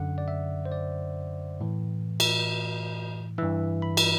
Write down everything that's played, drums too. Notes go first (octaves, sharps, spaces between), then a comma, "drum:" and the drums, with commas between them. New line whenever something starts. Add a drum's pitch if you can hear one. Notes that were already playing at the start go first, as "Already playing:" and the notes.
Already playing: F#2 D3 F#5
D5
E5
C5
D5
A2 E3
drum: cymbal
G2 E3 E5
B5
drum: cymbal